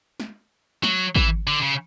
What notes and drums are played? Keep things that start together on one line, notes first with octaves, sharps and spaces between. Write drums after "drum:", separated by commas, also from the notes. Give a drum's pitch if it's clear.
drum: snare
F#3, drum: snare
E3, drum: kick G#1
D3
C#3